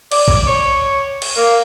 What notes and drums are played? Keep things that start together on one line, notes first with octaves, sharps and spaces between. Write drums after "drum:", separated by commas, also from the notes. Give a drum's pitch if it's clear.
D5, drum: cymbal
drum: kick A#1
C#5
drum: cymbal
A#3